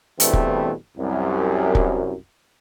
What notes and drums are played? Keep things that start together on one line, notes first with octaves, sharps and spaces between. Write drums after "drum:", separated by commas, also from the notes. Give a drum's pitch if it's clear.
E2 G2 B2 E3 A3 C4, drum: hi-hat
drum: kick
C2 F#2
drum: kick